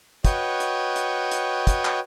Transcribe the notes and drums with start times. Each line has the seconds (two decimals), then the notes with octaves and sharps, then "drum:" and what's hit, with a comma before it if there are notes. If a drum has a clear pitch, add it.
0.25 F#4 B4 C#5 D#5 G5, drum: kick, hi-hat
0.60 drum: hi-hat
0.96 drum: hi-hat
1.31 drum: hi-hat
1.67 drum: kick, hi-hat
1.85 drum: clap